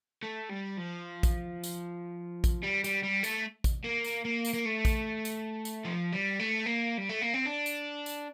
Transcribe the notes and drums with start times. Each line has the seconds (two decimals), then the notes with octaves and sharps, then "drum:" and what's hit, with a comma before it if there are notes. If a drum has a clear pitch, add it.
0.23 A3
0.49 G3
0.77 F3
1.23 drum: kick A1, tambourine
1.63 drum: tambourine
2.44 drum: kick A1, tambourine
2.63 G3
2.84 G3, drum: tambourine
3.04 G3
3.24 A3, drum: tambourine
3.64 drum: kick A1, tambourine
3.84 A#3
4.04 drum: tambourine
4.25 A#3
4.45 drum: tambourine
4.54 A#3
4.65 A3
4.85 drum: kick A1, tambourine
5.25 drum: tambourine
5.65 drum: tambourine
5.85 F3
6.12 G3
6.39 A3
6.66 A#3
6.98 G3
7.09 A3
7.21 A#3
7.34 C4
7.46 D4
7.66 drum: tambourine
8.06 drum: tambourine